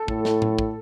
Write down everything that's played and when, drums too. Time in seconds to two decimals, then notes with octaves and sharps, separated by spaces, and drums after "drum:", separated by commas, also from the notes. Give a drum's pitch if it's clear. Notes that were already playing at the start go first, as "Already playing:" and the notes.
Already playing: A4
0.08 A2, drum: kick
0.25 drum: snare
0.42 drum: tom A2
0.59 drum: kick